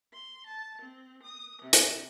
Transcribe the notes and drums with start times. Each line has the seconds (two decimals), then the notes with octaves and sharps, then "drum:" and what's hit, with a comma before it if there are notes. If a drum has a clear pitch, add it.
0.13 C6
0.47 A5
0.82 C4
1.22 D#6
1.61 C3
1.73 drum: hi-hat